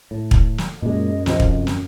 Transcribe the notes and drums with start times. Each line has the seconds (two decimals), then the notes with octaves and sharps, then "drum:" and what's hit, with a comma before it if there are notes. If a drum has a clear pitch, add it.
0.11 A2
0.31 drum: kick
0.58 drum: snare
0.82 F#2 A#2 G#3 D#5
1.26 F2 C3 F3, drum: snare
1.40 drum: kick
1.67 drum: snare